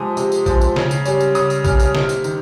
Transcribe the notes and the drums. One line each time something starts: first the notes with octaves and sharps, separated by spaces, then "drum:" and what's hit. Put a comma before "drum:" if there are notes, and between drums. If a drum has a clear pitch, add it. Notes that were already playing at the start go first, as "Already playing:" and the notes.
Already playing: C3 F3 G#3 D#6
C3, drum: tambourine
drum: tambourine
F3 G#3, drum: kick, tambourine
drum: tambourine
C#3, drum: snare
drum: tambourine
G3 C#4, drum: tambourine
drum: tambourine
C#3 D#6, drum: tambourine
drum: tambourine
G3 C#4 F6, drum: kick, tambourine
drum: tambourine
C3, drum: snare
drum: tambourine
D#3, drum: tambourine